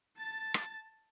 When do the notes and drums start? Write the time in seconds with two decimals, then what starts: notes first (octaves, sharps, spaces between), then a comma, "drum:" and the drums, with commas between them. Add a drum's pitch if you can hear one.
0.17 A5 A6
0.54 drum: rim click